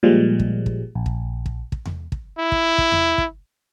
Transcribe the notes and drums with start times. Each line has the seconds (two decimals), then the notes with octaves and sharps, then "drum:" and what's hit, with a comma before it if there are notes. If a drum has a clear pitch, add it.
0.03 A#2 F3 G3 G#3
0.40 drum: kick
0.66 drum: kick
0.95 A#1
1.06 drum: kick
1.46 drum: kick
1.72 drum: kick
1.85 drum: tom E2
2.12 drum: kick
2.39 E4
2.52 drum: kick
2.78 drum: kick
2.92 drum: tom E2
3.18 drum: kick